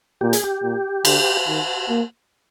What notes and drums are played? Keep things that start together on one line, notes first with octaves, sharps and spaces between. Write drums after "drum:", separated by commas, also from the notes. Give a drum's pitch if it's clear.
A#2 G4
G#4, drum: hi-hat
G4
A#2
D3, drum: cymbal
D#3
A#3